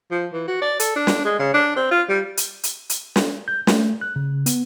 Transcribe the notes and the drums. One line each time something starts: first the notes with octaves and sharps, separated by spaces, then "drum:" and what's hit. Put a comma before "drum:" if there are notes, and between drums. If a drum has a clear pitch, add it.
F3
E3
F#4
D5
A4, drum: hi-hat
D4
drum: snare
G#3
C#3
D4
C4
F4
G3
drum: hi-hat
drum: hi-hat
drum: hi-hat
drum: snare
G6
A3, drum: snare
F#6
C#3
B3, drum: hi-hat